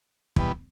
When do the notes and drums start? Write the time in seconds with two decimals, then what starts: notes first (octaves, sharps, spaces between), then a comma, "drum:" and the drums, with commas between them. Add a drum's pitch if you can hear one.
0.36 E2 B2 G3 B3, drum: kick